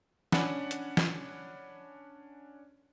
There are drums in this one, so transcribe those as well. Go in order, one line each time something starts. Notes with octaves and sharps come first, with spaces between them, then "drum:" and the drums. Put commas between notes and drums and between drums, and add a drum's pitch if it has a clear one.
C#4 D4 F#5 G#5 B5, drum: snare
drum: hi-hat
drum: snare